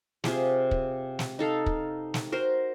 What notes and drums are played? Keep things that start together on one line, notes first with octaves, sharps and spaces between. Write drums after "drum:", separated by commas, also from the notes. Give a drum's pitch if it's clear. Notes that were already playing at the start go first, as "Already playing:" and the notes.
C3 F4 G4 G#4, drum: snare
drum: kick
drum: snare
D#4 A4 F5
drum: kick
drum: snare
F#4 A#4 C5